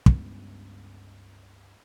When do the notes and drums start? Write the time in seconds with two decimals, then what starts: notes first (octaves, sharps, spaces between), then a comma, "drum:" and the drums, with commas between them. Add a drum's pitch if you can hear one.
0.06 C#2 G2 B3, drum: kick